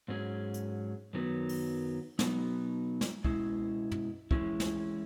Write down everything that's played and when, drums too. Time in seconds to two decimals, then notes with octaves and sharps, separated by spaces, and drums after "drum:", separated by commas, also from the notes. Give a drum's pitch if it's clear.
0.08 G#2 F#3 C#4 G#4
0.54 drum: hi-hat
1.13 F#2 D#3 F#3 B3
1.49 drum: open hi-hat
2.19 B2 F#3 B3 D#4, drum: snare
3.01 drum: snare
3.24 B2 G#3 C#4 E4, drum: kick
3.91 drum: tom
4.31 E3 G#3 C#4 E4, drum: kick
4.60 drum: snare